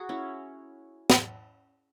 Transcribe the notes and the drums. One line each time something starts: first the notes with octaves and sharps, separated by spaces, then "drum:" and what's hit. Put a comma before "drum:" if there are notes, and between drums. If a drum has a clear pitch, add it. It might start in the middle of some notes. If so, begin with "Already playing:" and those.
Already playing: F#4 G#4 A#4
C#4 E4
drum: snare